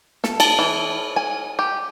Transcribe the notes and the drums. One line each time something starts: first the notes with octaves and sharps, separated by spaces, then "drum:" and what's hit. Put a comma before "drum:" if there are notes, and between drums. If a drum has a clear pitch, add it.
A4, drum: snare
A5, drum: cymbal
E3
G#5
G4